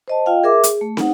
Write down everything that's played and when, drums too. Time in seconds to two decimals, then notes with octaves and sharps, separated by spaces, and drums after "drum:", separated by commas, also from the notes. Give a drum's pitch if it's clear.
0.08 C5 D#5 A5
0.26 F4 D#5 F5 G5
0.44 G#4 A#4 E5 D6
0.63 G#4, drum: hi-hat
0.81 A3
0.97 D#4 F#5, drum: snare